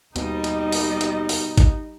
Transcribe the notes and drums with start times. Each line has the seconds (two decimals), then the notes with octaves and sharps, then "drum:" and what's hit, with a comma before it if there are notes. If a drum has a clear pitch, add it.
0.16 D#2 B2 G3 D#4 D#5, drum: hi-hat
0.44 drum: hi-hat
0.72 drum: open hi-hat
1.01 drum: hi-hat
1.29 drum: open hi-hat
1.58 drum: kick G#1, hi-hat